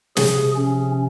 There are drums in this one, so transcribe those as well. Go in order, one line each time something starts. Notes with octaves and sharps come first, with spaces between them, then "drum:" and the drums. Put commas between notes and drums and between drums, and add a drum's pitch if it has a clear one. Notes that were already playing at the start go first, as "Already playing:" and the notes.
C3 F3 G#4, drum: snare
C#4